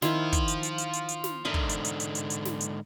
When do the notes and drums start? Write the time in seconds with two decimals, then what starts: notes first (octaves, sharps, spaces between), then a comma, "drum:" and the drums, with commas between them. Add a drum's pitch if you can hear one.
0.02 D#3 E4 F4 C5, drum: snare
0.33 drum: kick, hi-hat
0.48 drum: hi-hat
0.63 drum: hi-hat
0.78 drum: hi-hat
0.93 drum: hi-hat
1.09 drum: hi-hat
1.24 drum: snare
1.45 G#2 D3 A#4 D#5 E5
1.54 drum: kick
1.69 drum: hi-hat
1.85 drum: hi-hat
2.00 drum: hi-hat
2.15 drum: hi-hat
2.30 drum: hi-hat
2.45 drum: snare
2.61 drum: hi-hat